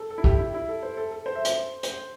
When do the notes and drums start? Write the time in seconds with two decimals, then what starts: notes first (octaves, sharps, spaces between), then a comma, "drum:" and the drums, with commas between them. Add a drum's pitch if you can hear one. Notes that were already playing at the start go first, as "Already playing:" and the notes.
Already playing: A4
0.10 A4
0.18 E4
0.24 G4, drum: kick
0.39 E4
0.54 E4
0.68 A4
0.83 C5
0.97 A4
1.11 A4
1.26 C5
1.36 E5
1.45 C5, drum: hi-hat
1.83 C5, drum: hi-hat